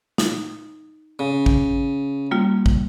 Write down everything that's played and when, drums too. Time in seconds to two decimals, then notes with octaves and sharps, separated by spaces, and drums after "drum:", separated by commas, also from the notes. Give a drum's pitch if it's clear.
0.18 D#4, drum: snare
1.19 C#3
1.46 drum: kick
2.31 G3 A#3 F4
2.66 drum: kick